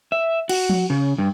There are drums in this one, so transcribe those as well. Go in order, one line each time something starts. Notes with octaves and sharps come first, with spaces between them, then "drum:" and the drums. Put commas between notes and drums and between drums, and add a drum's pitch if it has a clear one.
E5
F#4, drum: cymbal
drum: tom F3
C#3
G2